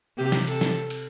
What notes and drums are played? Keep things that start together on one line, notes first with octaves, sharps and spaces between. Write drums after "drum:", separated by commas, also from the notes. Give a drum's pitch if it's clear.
C3 G4
drum: snare
A4, drum: cymbal
drum: snare
drum: cymbal